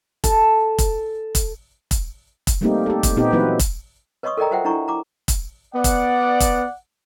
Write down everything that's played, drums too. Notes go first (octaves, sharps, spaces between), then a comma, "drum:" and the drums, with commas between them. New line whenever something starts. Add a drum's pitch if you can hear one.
A4, drum: kick, hi-hat
drum: kick, hi-hat
drum: kick, hi-hat
drum: kick, hi-hat
drum: kick, hi-hat
G3 A3 A#3 C4 D#4 G4
G4 A4
drum: kick, hi-hat
A#2 B3 C4 D#4 G4
E3 F#3 A#3 C4 E4 B4
drum: kick, hi-hat
B4 C#5 D#5 C6 C#6 D#6
A4 A#4 D5 D#5 G5 A#5
F4 F#4 C5 E5 F#5 G5
D4 E4 A#5 C#6
A#5 D6
drum: kick, hi-hat
B3 D5 F#5
drum: kick, hi-hat
drum: kick, hi-hat